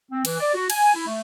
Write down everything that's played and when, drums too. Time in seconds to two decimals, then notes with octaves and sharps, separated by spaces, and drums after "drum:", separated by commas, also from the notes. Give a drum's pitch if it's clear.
0.11 C4
0.25 E3, drum: cymbal
0.40 D5
0.54 F#4
0.70 G#5, drum: cymbal
0.95 E4
1.07 A3